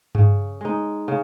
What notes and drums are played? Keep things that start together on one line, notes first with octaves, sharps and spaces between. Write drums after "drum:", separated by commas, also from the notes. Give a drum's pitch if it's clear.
C#3, drum: tom G2
G#3 D#4
C#3